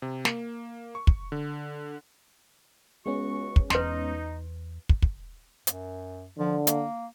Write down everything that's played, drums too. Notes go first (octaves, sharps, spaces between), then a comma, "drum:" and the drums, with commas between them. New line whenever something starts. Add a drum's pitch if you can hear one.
C3
A#3, drum: snare
C#6
drum: kick
D3
C#2 G#3 B3 C#4 F#4 C#6
drum: kick
E2 D#4 B4 C6, drum: snare
drum: kick
drum: kick
F#2, drum: hi-hat
D3 F3
A#3, drum: hi-hat